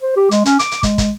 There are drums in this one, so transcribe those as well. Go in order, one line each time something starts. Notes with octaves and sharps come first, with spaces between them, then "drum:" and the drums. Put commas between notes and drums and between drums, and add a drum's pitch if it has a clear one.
C5
G4
G#3, drum: hi-hat
C#4, drum: hi-hat
D6, drum: hi-hat
drum: hi-hat
G#3, drum: kick, hi-hat
drum: kick, hi-hat